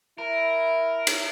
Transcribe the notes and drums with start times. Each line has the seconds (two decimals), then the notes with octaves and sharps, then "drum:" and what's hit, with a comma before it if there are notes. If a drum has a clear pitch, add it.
0.18 E4 A#4
1.07 drum: cymbal